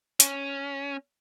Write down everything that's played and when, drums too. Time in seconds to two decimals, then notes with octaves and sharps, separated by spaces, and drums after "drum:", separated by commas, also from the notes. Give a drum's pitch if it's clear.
0.20 C#4, drum: hi-hat